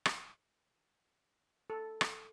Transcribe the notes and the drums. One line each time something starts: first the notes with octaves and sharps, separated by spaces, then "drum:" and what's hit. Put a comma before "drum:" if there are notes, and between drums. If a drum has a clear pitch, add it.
drum: rim click
A4
drum: rim click